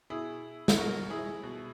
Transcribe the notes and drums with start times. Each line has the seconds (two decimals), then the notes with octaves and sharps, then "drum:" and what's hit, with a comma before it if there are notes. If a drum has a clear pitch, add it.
0.10 B2 E4 G#4
0.68 drum: snare
0.77 B2 F#4 A#4
1.10 E4 G#4
1.43 B2